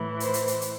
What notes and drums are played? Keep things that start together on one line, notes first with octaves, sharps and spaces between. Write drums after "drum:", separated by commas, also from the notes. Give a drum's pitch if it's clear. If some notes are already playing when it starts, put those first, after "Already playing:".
Already playing: A2 E3
C5, drum: hi-hat
drum: hi-hat
drum: hi-hat
drum: hi-hat